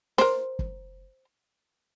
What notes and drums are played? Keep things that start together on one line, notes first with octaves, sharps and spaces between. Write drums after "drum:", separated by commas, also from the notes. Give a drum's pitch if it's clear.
A#4 C5, drum: snare
drum: kick